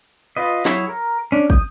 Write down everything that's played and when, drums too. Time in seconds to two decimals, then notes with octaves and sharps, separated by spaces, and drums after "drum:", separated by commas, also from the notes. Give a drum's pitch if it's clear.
0.37 F4 B4 D#5
0.65 F#3 E4 G#4 C#5 E5, drum: snare
0.89 A#4
1.32 C#4 D4
1.50 D#6 G6, drum: kick